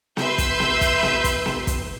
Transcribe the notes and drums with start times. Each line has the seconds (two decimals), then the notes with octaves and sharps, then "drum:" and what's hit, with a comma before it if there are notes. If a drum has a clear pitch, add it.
0.17 B4 E5 C6 E6 G6, drum: snare B3
0.38 drum: kick, hi-hat
0.60 drum: snare B3
0.81 drum: kick, hi-hat
1.03 drum: snare B3
1.24 drum: kick, hi-hat
1.46 drum: snare B3
1.67 drum: kick, hi-hat